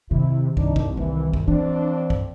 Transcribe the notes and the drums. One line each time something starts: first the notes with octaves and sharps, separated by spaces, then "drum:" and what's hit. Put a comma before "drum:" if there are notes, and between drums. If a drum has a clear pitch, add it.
C3 D#3 E4
C2 D4 D#4, drum: kick
drum: kick
D#3 E3
drum: kick
F2 E3 C4 D4 D5
drum: kick